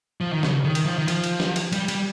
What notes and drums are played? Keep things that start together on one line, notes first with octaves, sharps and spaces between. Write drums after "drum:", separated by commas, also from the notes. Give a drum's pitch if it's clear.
F3
D#3
C#3, drum: snare
D#3
drum: cymbal
F3
D#3
F3, drum: cymbal
drum: cymbal
drum: snare
drum: cymbal
G3, drum: cymbal
G3, drum: cymbal